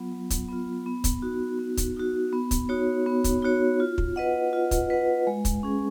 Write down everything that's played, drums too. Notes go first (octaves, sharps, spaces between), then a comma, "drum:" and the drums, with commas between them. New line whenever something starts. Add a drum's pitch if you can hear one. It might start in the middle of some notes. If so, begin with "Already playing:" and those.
Already playing: F#3 B3 F4
F#3
drum: kick, hi-hat
B3 F4
B3
drum: kick, hi-hat
D#4 F#4
B3
drum: kick, hi-hat
D#4 F#4
B3
drum: kick, hi-hat
D#4 F#4 C#5
B3
drum: kick, hi-hat
D#4 F#4 C#5
F4
drum: kick
B4 D#5 F#5
F4
drum: kick, hi-hat
B4 D#5 F#5
G#3
drum: kick, hi-hat
C#4 G#4